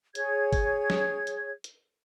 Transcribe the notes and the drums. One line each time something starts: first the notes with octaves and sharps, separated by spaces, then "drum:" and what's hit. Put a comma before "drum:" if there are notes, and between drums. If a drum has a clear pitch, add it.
G#4 C#5 G#6, drum: hi-hat
drum: kick, open hi-hat
drum: snare
drum: hi-hat
drum: hi-hat